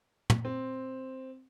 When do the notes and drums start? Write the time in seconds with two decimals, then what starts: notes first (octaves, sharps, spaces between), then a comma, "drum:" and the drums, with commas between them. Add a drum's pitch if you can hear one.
0.30 drum: tom
0.45 C4